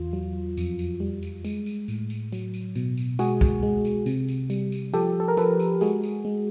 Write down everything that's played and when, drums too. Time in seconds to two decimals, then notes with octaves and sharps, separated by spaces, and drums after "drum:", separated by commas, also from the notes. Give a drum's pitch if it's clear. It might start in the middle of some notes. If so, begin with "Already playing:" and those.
Already playing: E2 F4
0.13 F#3
0.57 F2, drum: tambourine
0.79 drum: tambourine
1.00 G3
1.23 drum: tambourine
1.45 G#3, drum: tambourine
1.66 drum: tambourine
1.88 A2, drum: tambourine
2.10 drum: tambourine
2.33 F#3, drum: tambourine
2.54 drum: tambourine
2.76 B2, drum: tambourine
2.97 drum: tambourine
3.19 G#3 F#4 G#4, drum: tambourine
3.41 drum: kick, tambourine
3.63 G#3
3.85 drum: tambourine
4.06 C3, drum: tambourine
4.29 drum: tambourine
4.50 G3, drum: tambourine
4.72 drum: tambourine
4.94 F3 G4 A4, drum: tambourine
5.20 A4
5.28 A#4
5.37 F3 A4 B4, drum: tambourine
5.60 drum: tambourine
5.81 G#3 F#4 G#4, drum: tambourine
6.03 drum: tambourine
6.25 G#3